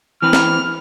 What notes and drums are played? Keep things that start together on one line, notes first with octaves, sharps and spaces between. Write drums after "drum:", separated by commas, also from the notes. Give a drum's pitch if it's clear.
E3 C4 B4 F6
drum: snare